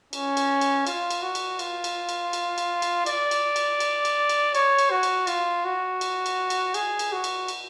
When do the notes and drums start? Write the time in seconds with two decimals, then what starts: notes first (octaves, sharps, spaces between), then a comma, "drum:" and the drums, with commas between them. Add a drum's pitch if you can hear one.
0.13 C#4, drum: cymbal
0.37 drum: cymbal
0.61 drum: cymbal
0.87 F4, drum: cymbal
1.11 drum: cymbal
1.22 F#4
1.35 drum: cymbal
1.59 F4, drum: cymbal
1.84 drum: cymbal
2.09 drum: cymbal
2.33 drum: cymbal
2.58 drum: cymbal
2.82 drum: cymbal
3.06 D5, drum: cymbal
3.31 drum: cymbal
3.56 drum: cymbal
3.80 drum: cymbal
4.05 drum: cymbal
4.29 drum: cymbal
4.55 C#5, drum: cymbal
4.79 drum: cymbal
4.91 F#4
5.03 drum: cymbal
5.27 F4, drum: cymbal
5.65 F#4
6.01 drum: cymbal
6.26 drum: cymbal
6.50 drum: cymbal
6.74 G#4, drum: cymbal
6.99 drum: cymbal
7.12 F#4
7.24 drum: cymbal
7.48 drum: cymbal